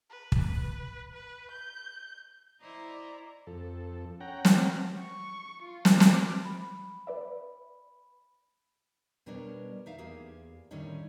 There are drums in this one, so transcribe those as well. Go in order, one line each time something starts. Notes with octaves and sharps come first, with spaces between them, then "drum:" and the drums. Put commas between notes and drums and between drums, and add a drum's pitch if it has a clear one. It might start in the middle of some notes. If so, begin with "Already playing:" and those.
B4
drum: kick
B4
G6
E4 C5 D5 D#5 A#5
F2 A4
C#4 F#5 G5 A#5
drum: snare
C#6
F4
drum: snare
D6, drum: snare
B5
B4 D5 E5
B2 G3 B3 D4 A#4 C#5
D#4 E5 F5
E2 A#3 G4 G#4
A2 D3 D#3 G3 C#4 D#4